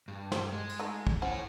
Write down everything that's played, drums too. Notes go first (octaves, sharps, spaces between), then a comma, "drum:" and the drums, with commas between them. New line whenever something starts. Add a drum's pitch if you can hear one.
G2
G3 G4 C5, drum: snare
G#3
drum: cymbal
A3 D#4
drum: kick
C#4 E4 C5 C#5 F#5